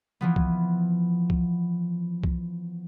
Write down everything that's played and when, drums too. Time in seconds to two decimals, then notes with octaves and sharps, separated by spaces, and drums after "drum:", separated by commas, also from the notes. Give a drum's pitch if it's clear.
0.21 E3 F3 B3
0.36 drum: kick
1.30 drum: kick
2.24 drum: kick